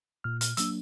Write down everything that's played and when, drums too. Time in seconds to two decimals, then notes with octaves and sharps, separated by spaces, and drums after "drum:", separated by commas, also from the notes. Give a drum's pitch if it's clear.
0.24 A#2 F6
0.41 F6, drum: hi-hat
0.57 F#3 A#3 D4 E6, drum: hi-hat